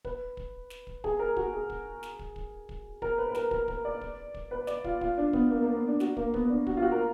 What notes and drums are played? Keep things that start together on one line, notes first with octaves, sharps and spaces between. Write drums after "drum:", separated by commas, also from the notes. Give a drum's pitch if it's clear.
B4, drum: kick
drum: kick
drum: snare
drum: kick
G#4, drum: kick
A#4
F#4, drum: kick
G#4
drum: kick
drum: snare
drum: kick
drum: kick
drum: kick
A#4, drum: kick
B4
B4
A#4, drum: snare
A#4, drum: kick
A#4, drum: kick
D5
drum: kick
drum: kick
B4
D5, drum: snare
F4, drum: kick
F4, drum: kick
D4
B3, drum: kick
A#3
A#3
B3
D4
F#4, drum: snare
A#3, drum: kick
B3, drum: kick
B3
D4
F#4, drum: kick
F4
F#4
A#4